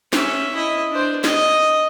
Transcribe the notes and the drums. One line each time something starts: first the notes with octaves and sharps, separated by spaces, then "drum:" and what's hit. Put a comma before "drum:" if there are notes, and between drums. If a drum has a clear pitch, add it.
C#4 E5, drum: snare
E4 D#5
D4 C5
D#5, drum: snare